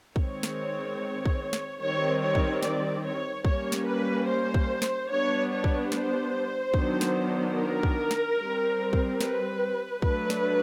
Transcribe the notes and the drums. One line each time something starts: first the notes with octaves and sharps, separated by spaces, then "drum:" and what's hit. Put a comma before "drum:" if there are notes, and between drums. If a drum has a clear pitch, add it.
D#3 G#3 C4 C#5, drum: kick
drum: snare
drum: kick
drum: snare
D#3 G3 C4 C#5
C#5
drum: kick
D5, drum: snare
C#5
G3 A#3 C#4 C#5, drum: kick
drum: snare
B4
C5
drum: kick
drum: snare
G3 B3 D4 C#5
C#5
drum: kick
C5, drum: snare
D#3 F#3 B3 D4, drum: kick
drum: snare
A#4
drum: kick
drum: snare
G3 C4
drum: kick
B4, drum: snare
F#3 A3 D4 B4, drum: kick
drum: snare